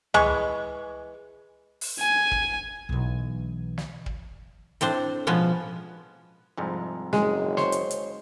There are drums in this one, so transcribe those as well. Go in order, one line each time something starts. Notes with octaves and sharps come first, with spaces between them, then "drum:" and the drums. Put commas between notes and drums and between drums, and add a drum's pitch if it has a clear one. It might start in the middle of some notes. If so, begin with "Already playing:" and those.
E3 G#3 C#6, drum: tom C#2
drum: open hi-hat
G#5
drum: kick
B1 E3
drum: snare
drum: kick
A2 C4 D4 C5, drum: hi-hat
B2 F3 G#3 B3 C#4
C2 F2 G#2
F#1 G#3, drum: snare
C5 C#5, drum: snare
drum: hi-hat
drum: hi-hat